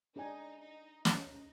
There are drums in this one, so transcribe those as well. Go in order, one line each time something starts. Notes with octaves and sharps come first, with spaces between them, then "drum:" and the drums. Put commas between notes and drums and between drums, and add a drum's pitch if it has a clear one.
D4 D#4 G#4 D5 G#5
D#4
D#4, drum: snare